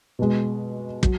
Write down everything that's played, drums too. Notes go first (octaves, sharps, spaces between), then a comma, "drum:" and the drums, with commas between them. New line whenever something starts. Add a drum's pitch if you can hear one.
B2 G#3
F#3, drum: kick